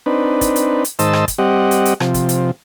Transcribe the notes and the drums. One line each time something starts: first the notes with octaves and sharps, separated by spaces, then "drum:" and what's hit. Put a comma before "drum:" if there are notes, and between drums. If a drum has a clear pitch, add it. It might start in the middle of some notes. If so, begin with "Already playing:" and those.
C4 D4 D#4 B4
drum: kick, hi-hat
drum: hi-hat
drum: hi-hat
G#2 D#3 C5 D#5 A5 E6, drum: hi-hat
drum: rim click
drum: kick, hi-hat
G3 C4 G4 D#5 F#5
drum: hi-hat
drum: hi-hat
C3 F3, drum: rim click
drum: kick, hi-hat
drum: hi-hat